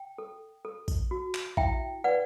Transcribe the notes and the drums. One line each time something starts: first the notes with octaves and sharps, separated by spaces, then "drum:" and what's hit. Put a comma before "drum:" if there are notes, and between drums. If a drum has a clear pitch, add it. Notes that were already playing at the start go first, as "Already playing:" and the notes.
Already playing: G5
A4
A4
drum: kick A#1, tambourine
F#4
drum: clap
E4 E5 G5, drum: kick A#1
B4 D5 F#5